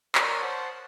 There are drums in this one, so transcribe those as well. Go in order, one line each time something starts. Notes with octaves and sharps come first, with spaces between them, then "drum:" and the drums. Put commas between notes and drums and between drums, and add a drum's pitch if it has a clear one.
A#4 C#5 D5 C6 D#6 F6, drum: clap
C5 F#5 A5